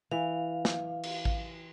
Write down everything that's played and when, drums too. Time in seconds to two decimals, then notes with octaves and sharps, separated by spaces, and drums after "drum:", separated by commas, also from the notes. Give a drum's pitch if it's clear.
0.11 E3 F5
0.65 drum: snare
1.03 drum: cymbal
1.25 drum: kick A1